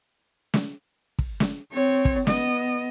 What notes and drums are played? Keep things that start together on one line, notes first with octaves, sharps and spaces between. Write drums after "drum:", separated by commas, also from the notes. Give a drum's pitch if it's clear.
drum: snare
drum: kick
drum: snare
C4 C#5
drum: kick
B3 D#5, drum: snare